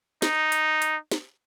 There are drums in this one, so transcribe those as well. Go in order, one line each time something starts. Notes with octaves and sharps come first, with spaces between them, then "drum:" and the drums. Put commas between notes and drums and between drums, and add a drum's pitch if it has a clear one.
D#4, drum: snare
drum: hi-hat
drum: hi-hat
drum: snare